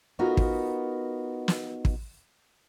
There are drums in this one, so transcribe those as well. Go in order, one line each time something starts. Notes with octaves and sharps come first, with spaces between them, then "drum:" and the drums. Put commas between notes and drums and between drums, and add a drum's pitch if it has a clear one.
B3 D#4 F4 F#4 A#4 B4
drum: kick
drum: snare
drum: kick